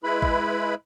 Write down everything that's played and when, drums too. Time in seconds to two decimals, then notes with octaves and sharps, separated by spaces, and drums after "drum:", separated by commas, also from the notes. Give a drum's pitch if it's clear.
0.04 G#3 E4 B4 B5
0.22 drum: kick A1